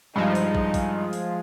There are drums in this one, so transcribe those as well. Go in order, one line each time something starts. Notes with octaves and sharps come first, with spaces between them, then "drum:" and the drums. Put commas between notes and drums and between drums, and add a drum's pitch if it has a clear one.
G2 F3 G#3 D#4
drum: open hi-hat
drum: kick
drum: kick, open hi-hat
drum: open hi-hat